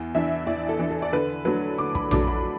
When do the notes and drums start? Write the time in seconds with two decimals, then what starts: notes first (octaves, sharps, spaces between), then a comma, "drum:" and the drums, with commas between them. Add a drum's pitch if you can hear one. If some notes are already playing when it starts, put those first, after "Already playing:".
Already playing: E2
0.14 E3 D4 E5
0.47 E2 D5
0.69 A4
0.79 E3 D4
0.91 A4
1.02 D5
1.12 D3 B4
1.45 F#3 A3 D4 B4
1.78 D3 D6
1.95 B5, drum: kick
2.11 F#3 A3 D4 D6, drum: tom A#1
2.27 B5